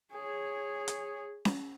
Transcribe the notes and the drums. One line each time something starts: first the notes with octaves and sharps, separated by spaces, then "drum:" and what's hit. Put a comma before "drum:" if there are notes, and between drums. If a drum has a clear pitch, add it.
G#4 C#5
drum: hi-hat
drum: snare C#4